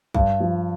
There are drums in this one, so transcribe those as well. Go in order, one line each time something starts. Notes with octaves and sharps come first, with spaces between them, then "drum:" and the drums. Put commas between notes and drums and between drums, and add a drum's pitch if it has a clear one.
G2, drum: kick
F3